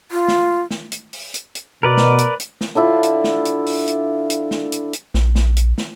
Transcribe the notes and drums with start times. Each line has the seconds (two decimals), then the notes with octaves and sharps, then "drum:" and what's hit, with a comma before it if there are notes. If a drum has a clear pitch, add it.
0.11 F4
0.28 drum: snare
0.71 drum: snare
0.92 drum: hi-hat
1.13 drum: open hi-hat
1.34 drum: hi-hat
1.55 drum: hi-hat
1.83 B2 A#4 B4 D5
1.97 drum: snare
2.18 drum: hi-hat
2.40 drum: hi-hat
2.61 drum: snare
2.75 D3 D4 E4 F4
3.03 drum: hi-hat
3.24 drum: snare
3.45 drum: hi-hat
3.66 drum: open hi-hat
3.88 drum: hi-hat
4.30 drum: hi-hat
4.51 drum: snare
4.72 drum: hi-hat
4.93 drum: hi-hat
5.14 A#1, drum: snare
5.35 drum: snare
5.57 drum: hi-hat
5.78 drum: snare